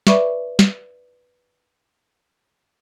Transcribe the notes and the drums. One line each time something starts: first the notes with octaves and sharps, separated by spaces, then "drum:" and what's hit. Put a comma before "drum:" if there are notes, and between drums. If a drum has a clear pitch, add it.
B4 D5 E5 B5 C#6 D6, drum: snare
drum: snare